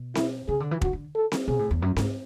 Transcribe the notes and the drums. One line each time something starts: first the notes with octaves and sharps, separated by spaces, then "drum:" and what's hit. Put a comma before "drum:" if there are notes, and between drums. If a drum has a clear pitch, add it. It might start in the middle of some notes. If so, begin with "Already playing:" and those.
Already playing: B2
E4, drum: snare C4
C#3 G#4
D3
E3
D3 F#4, drum: kick
D3
A4
drum: snare C4
B2 G#4
A2
E2
F#2
G#2, drum: snare C4